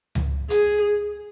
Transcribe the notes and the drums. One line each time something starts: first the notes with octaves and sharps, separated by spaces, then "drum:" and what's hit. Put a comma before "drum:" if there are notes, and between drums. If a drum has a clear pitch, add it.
drum: tom C#2
G#4, drum: hi-hat